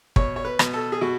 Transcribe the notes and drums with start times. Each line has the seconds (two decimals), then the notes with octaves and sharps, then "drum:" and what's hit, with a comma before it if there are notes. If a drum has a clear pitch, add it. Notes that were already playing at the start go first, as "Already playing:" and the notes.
0.16 B2 C#5, drum: kick
0.36 C#5
0.45 B4
0.59 B2, drum: rim click
0.74 A4
0.92 G#4
1.01 B2 F#4